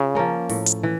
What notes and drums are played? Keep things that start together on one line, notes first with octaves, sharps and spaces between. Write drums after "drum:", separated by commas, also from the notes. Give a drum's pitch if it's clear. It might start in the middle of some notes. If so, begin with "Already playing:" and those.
Already playing: C#3 F4
F3 A#3 C#4
A2, drum: open hi-hat
drum: hi-hat
E3